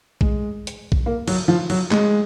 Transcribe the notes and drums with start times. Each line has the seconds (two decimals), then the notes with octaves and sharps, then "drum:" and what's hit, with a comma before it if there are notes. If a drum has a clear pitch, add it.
0.21 G#3, drum: kick A#1
0.67 drum: hi-hat
0.92 drum: kick A#1
1.06 A#3
1.28 F#3, drum: cymbal
1.48 F3
1.70 F#3, drum: cymbal
1.91 G#3, drum: clap